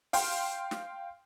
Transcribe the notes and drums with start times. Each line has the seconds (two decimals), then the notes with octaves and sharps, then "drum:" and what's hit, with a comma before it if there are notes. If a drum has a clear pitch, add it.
0.13 F5 G5 C6, drum: open hi-hat
0.71 drum: snare